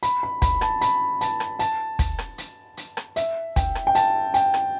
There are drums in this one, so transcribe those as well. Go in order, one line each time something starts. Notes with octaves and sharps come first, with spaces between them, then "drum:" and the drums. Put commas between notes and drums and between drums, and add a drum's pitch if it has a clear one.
B5, drum: hi-hat
B5
B5, drum: kick, hi-hat
A5, drum: rim click
B5, drum: hi-hat
A5, drum: hi-hat
drum: rim click
A5, drum: hi-hat
drum: kick, hi-hat
drum: rim click
drum: hi-hat
drum: hi-hat
drum: rim click
E5, drum: hi-hat
G5, drum: kick, hi-hat
drum: rim click
G5
A5, drum: hi-hat
G5, drum: hi-hat
drum: rim click